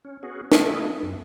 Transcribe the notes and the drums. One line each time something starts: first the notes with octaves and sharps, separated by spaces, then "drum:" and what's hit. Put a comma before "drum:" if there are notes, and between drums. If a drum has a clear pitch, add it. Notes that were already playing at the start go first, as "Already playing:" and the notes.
C#4
B3 C#4 F#4 G#4
A3 B3 E4 F4 D#5, drum: snare
F#2